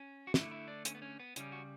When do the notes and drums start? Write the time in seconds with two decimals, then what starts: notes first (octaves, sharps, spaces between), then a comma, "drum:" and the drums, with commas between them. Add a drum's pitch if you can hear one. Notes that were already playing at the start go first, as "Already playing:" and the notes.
Already playing: C#4
0.27 F#4
0.34 D3 A3 E4, drum: snare
0.51 E4
0.68 D4
0.85 C#4, drum: hi-hat
0.95 B3
1.02 C#4
1.20 B3
1.36 C#3 G3 C#4, drum: hi-hat
1.52 F#4